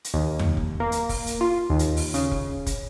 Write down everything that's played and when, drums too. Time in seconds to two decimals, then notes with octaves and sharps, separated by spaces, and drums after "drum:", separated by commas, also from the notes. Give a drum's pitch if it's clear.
0.04 drum: hi-hat
0.14 D#2
0.39 drum: tom E2
0.57 drum: kick
0.80 A#3
0.92 drum: hi-hat
1.09 drum: kick, open hi-hat
1.27 drum: hi-hat
1.41 F4
1.70 D#2
1.79 drum: hi-hat
1.97 drum: open hi-hat
2.14 C#3, drum: hi-hat
2.31 drum: kick
2.66 drum: kick, hi-hat